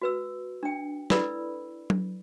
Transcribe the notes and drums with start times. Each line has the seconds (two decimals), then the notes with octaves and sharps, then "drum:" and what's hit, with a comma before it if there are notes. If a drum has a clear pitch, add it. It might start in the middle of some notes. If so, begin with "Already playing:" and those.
0.01 F#4 B4 E6
0.63 D4 G5
1.10 E4 A4 B4 D5 B5 E6, drum: snare
1.90 drum: tom F#3